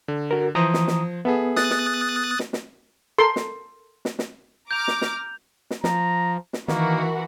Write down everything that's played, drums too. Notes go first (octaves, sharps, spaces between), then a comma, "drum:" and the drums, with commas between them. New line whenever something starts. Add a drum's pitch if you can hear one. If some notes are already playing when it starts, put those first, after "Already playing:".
D3
F#4 A#4
E3 F3 C5 A#5 D#6
drum: snare
drum: snare
B3 G#4 A4 E5
D#6 F#6 A6, drum: snare
drum: snare
drum: snare
drum: snare
A4 A#4 C6
drum: snare
drum: snare
drum: snare
A#5 D6 F6 G6 F7
drum: snare
drum: snare
drum: snare
F3 A#5, drum: snare
drum: snare
D#3 E3 A#3 F#4 A#4, drum: snare